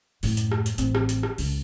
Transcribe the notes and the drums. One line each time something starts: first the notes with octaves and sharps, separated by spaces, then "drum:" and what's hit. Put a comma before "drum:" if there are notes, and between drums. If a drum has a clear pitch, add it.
F#2 A2, drum: open hi-hat
drum: hi-hat
drum: rim click
drum: hi-hat
A1 C4, drum: hi-hat
drum: rim click
drum: hi-hat
drum: rim click
C#2, drum: open hi-hat